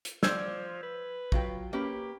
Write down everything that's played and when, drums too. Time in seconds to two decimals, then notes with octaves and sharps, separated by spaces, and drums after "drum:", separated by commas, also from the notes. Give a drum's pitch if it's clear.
0.05 drum: hi-hat
0.23 F3 C5 D5 E6 G6 G#6, drum: snare
0.83 B4
1.32 F#3 F4 G5, drum: kick
1.73 A#3 C#4 G4 B4